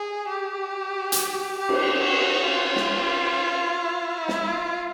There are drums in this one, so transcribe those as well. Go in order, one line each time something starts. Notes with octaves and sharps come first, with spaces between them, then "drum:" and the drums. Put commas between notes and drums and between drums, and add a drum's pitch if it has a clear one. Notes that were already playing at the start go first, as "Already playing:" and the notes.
Already playing: G#4
G4
drum: hi-hat
G4
drum: cymbal
F#4
F4
drum: snare
E4
drum: snare
F4